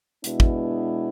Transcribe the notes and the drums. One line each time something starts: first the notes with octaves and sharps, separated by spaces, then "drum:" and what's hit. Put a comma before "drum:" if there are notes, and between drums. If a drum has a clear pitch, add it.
B2 G#3 B3 D4 E4, drum: hi-hat
drum: kick